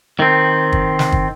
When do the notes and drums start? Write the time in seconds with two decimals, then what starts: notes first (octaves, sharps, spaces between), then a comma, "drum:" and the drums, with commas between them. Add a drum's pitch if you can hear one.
0.19 D#3 C4
0.72 drum: kick
0.99 drum: snare
1.12 drum: kick